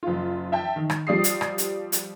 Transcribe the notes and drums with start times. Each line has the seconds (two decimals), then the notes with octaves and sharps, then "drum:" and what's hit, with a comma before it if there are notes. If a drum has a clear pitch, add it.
0.03 F#1 F4
0.52 E5 G5 A5
0.76 D#3
0.90 drum: rim click
1.07 F3 G3 D5 D#6 C7
1.24 drum: hi-hat
1.41 drum: rim click
1.58 drum: hi-hat
1.92 drum: hi-hat